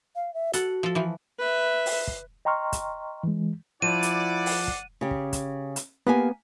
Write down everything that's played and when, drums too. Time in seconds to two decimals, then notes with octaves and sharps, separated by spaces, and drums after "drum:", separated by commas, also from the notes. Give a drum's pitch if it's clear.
0.16 F5
0.34 E5
0.53 F#4 A4 F#5, drum: hi-hat
0.83 F3 A4
0.95 E3 F3
1.39 B4 E5
1.86 drum: open hi-hat
2.07 drum: kick
2.45 D#5 G5 A#5 C6 C#6 F6
2.73 drum: kick, hi-hat
3.23 E3 G#3
3.82 F3 E4 D5 F#5 D#7
4.03 drum: hi-hat
4.46 drum: open hi-hat
4.68 drum: kick
5.01 C#3 G4
5.11 drum: kick
5.33 drum: kick, hi-hat
5.76 drum: hi-hat
6.07 A#3 B3 G4 G#5